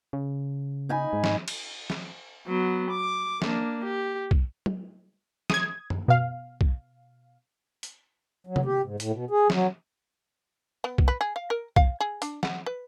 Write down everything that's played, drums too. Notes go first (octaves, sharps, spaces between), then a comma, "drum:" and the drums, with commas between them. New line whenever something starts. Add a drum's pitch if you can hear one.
C#3
D#4 G#5 B5
G#2
drum: snare
drum: cymbal
drum: snare
F#3 B3
D6
A#3 D4, drum: snare
G4
drum: kick
drum: tom F#3
D#6 G#6, drum: snare
drum: tom
B2 F5
drum: kick
drum: hi-hat
F#3
drum: tom C3
G4
G#2
A2, drum: hi-hat
B2
G#4
F#3, drum: snare
B3
drum: kick
B4
G#4
F5
A#4
F5, drum: kick
G#4
D4, drum: hi-hat
F#5, drum: snare
B4